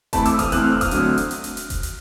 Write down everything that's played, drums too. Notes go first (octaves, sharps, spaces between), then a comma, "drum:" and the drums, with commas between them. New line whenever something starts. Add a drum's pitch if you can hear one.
E3 A3 C4 A5 B5, drum: kick E1, hi-hat
D6 E6, drum: hi-hat
D#6 F6, drum: kick E1, hi-hat
E3 A3 C4 F#6, drum: hi-hat
F6
E6
D#6 F6, drum: kick E1, hi-hat
D3 F#3 A3 C4, drum: hi-hat
drum: hi-hat
drum: hi-hat
drum: hi-hat
drum: hi-hat
drum: kick E1, hi-hat
drum: hi-hat